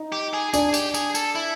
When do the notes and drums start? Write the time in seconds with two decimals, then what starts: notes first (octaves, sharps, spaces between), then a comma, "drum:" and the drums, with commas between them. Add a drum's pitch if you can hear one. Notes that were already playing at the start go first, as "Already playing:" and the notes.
Already playing: D#4
0.12 G4
0.33 G#4
0.54 D4 G#4, drum: tambourine
0.74 G4, drum: tambourine
0.94 G#4, drum: tambourine
1.15 A4, drum: tambourine
1.35 E4